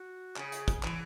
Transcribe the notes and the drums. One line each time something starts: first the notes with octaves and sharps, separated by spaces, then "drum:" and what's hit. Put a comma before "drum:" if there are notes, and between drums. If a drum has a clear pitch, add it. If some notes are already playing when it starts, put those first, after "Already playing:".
Already playing: F#4
C#3 G#4, drum: clap
drum: hi-hat
drum: kick, hi-hat
E3, drum: clap